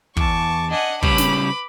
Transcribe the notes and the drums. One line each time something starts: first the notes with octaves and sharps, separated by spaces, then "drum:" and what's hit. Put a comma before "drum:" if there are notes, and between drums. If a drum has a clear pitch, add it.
E2 A5 C#6 D6, drum: kick
D4 D#5 F#5 G#5
C#3 G3 C#4 B4 B5 D6, drum: kick
drum: snare